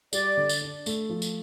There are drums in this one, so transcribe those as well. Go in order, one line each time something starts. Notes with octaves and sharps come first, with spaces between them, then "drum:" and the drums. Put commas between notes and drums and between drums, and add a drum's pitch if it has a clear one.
G3 D5, drum: tambourine
D3
drum: tambourine
D4
A3, drum: tambourine
F3
drum: tambourine